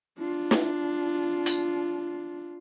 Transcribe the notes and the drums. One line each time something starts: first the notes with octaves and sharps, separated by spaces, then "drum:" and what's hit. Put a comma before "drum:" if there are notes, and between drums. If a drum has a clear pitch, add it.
D4 F4
drum: snare
drum: hi-hat